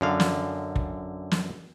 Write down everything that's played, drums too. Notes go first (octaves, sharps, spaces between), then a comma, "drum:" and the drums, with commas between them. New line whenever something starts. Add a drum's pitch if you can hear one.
F#2 D3 F5
drum: snare
drum: kick
drum: snare